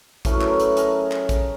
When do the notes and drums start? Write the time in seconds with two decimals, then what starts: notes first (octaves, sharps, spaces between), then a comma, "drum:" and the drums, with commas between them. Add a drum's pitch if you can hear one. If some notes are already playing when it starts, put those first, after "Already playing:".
0.25 A2 F#3 A3 C#4 B4, drum: kick A1, hi-hat
0.33 A#4
0.41 A4 B4, drum: clap
0.60 drum: hi-hat
0.77 G#4 A#4, drum: hi-hat
1.12 drum: clap
1.29 drum: kick A1, hi-hat